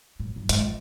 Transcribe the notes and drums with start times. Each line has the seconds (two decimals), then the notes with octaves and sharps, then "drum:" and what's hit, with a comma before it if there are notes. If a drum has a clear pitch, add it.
0.20 A2
0.36 G2
0.49 G#2, drum: hi-hat
0.62 A#1